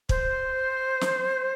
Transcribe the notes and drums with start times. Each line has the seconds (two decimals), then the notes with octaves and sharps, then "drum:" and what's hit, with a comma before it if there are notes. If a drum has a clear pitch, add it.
0.09 C5, drum: kick
1.01 drum: snare